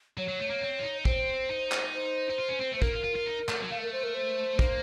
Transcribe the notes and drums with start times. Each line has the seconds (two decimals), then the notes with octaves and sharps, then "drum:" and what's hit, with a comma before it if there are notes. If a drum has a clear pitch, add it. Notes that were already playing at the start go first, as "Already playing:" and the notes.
0.17 F#3 C#5
0.28 F#3
0.40 A3
0.50 A#3
0.61 C4
0.79 F4
0.83 D#4
1.05 C4 C5, drum: kick
1.50 D#4
1.72 drum: clap
1.94 C5
2.30 D#4
2.38 F4
2.49 C#4
2.60 C4
2.71 A3 C5
2.82 A#3 A#4, drum: kick
2.93 F4
3.04 F4
3.16 F4
3.26 D#4
3.49 A3, drum: clap
3.60 F#3
3.70 A3 F5
3.82 A#4
3.92 C5
4.04 A#4
4.14 C5
4.59 A#3, drum: kick